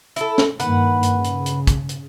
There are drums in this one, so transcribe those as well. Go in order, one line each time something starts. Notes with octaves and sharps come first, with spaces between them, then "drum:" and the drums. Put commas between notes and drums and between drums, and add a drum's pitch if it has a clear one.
E4 A4, drum: hi-hat
drum: snare
G2 D#3 A#3 B4 F#5, drum: hi-hat
drum: hi-hat
C#3
drum: hi-hat
drum: hi-hat
drum: kick, hi-hat
drum: hi-hat